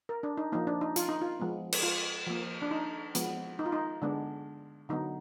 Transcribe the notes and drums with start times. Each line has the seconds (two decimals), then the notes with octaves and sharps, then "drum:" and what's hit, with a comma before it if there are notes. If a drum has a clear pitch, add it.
0.09 A#4
0.23 D4
0.37 D#4
0.52 F3 A#3 D#4
0.67 D4
0.81 D#4
0.96 F4, drum: hi-hat
1.09 D#4
1.22 F4
1.40 F3 G#3 B3
1.73 drum: cymbal
1.83 F4
2.27 F3 A#3
2.62 D4
2.71 D#4
3.15 F3 G#3 B3, drum: hi-hat
3.59 D#4
3.66 F4
3.72 D#4
4.02 D3 G#3 B3 D4
4.89 D3 F#3 B3 D#4